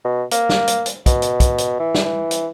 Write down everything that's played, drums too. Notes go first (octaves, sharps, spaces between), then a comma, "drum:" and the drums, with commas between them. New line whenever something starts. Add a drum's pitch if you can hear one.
B2
A#3, drum: hi-hat
drum: snare
drum: hi-hat
drum: hi-hat
B2, drum: kick, hi-hat
drum: hi-hat
drum: kick, hi-hat
drum: hi-hat
E3
drum: snare
E3
drum: hi-hat